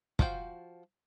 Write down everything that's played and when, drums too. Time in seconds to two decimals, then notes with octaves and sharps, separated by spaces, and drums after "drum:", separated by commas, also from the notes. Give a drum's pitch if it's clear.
0.19 F3 F#4 F5 G5, drum: kick